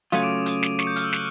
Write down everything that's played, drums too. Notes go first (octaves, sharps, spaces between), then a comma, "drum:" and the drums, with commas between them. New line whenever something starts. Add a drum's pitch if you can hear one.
C#3 F#3 A3 C#4 F4 D#6 D#7, drum: hi-hat
D6 D7
drum: hi-hat
drum: snare
C#6 C#7, drum: snare
G6
F6, drum: hi-hat
E6
F#6, drum: snare